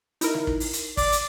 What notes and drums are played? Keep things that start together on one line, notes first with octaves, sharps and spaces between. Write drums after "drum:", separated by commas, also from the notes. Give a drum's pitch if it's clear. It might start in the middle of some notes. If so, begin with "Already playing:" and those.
D#4 E4 A#4, drum: hi-hat
drum: snare
drum: kick
drum: open hi-hat
drum: hi-hat
D5 D6, drum: kick, open hi-hat
drum: hi-hat